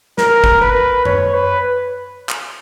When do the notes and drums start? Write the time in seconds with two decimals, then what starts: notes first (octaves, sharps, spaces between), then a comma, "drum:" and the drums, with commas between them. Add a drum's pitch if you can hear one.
0.18 A#4, drum: snare
0.44 drum: kick
0.61 B4
1.05 C#5, drum: tom F#2
1.34 B4
2.29 drum: clap